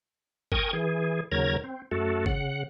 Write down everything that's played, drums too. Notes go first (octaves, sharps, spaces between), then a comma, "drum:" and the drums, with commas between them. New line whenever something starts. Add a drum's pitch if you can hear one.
A#4 G5 G#5 C#6 D#6, drum: kick
E3 G#4
D#2 C#3 F#3 A#4 A#5 G#6
C4
F#2 A3 F#4 A4
C#3 F#5, drum: kick